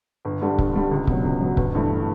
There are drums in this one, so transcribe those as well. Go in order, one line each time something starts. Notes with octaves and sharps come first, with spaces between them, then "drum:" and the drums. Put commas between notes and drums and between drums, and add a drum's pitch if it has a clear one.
G1
G2 D3 G3
G1, drum: kick C#1
G2 D3 G3
C#2
B2 F#3, drum: kick C#1
C#2
B2 F#3
G1, drum: kick C#1
G2 E3 A3 E4